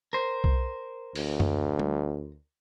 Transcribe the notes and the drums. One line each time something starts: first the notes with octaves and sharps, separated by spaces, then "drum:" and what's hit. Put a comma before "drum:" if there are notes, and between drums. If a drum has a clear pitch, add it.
A#4 C5
drum: kick B1
D2, drum: open hi-hat
drum: tom F#2
drum: tom G3